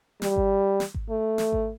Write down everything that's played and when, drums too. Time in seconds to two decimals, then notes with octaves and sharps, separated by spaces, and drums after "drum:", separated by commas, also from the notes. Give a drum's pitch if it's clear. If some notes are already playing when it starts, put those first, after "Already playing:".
0.22 G3, drum: snare
0.36 drum: kick G#1
0.80 drum: snare
0.94 drum: kick G#1
1.10 A3
1.38 drum: snare
1.53 drum: kick G#1